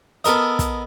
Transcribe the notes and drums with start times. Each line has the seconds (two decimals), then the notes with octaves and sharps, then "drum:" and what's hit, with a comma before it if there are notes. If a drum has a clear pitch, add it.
0.24 B3 A4 A#4 D#5, drum: hi-hat
0.59 drum: kick, hi-hat